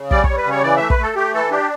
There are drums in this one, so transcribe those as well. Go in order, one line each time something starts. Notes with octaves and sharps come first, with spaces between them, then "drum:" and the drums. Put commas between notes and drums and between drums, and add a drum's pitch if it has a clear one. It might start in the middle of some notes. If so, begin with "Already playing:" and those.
Already playing: C#3
G3 D5, drum: kick
G3 C#5, drum: kick
B4
C#3 C#5
E3 D5
A3 E5
B4, drum: kick
A3 A4
A3 G4
E3 A4
D4 G4